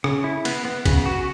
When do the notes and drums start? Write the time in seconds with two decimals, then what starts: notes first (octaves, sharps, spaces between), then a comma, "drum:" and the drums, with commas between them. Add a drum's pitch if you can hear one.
0.04 C#3, drum: rim click
0.24 E4
0.45 B3, drum: cymbal
0.65 B3
0.86 C#3, drum: kick, cymbal
1.06 F#4